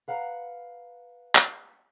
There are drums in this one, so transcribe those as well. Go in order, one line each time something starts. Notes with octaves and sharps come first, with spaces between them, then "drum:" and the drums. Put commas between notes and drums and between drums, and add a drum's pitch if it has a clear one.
B4 F5 F#5 A#5
drum: clap